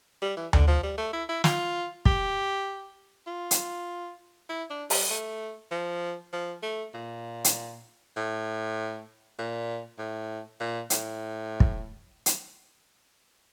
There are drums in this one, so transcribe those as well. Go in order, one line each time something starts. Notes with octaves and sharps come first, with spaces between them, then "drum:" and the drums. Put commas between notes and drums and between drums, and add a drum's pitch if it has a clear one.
G3
E3
D3, drum: tom D2
F3
G3
A3
E4
E4
F4, drum: snare
G4, drum: kick
F4
drum: hi-hat
E4
D4
G3, drum: open hi-hat
A3
F3
F3
A3
A#2
drum: hi-hat
A2
A#2
A2
A#2
A2, drum: hi-hat
drum: kick
drum: hi-hat